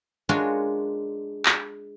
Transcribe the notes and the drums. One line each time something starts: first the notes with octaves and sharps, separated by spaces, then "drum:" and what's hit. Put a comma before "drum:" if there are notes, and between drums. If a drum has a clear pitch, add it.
G#3 D4 F4 F#4 A#4 C#5
drum: clap